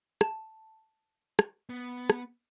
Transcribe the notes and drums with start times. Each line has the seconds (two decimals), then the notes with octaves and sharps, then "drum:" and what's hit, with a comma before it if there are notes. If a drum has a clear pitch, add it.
0.21 A5, drum: rim click
1.39 drum: rim click
1.70 B3
2.10 drum: rim click